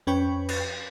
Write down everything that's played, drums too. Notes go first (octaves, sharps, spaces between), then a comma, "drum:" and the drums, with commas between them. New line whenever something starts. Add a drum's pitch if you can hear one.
F2 C#4 B4 G5 B5 C#6
drum: cymbal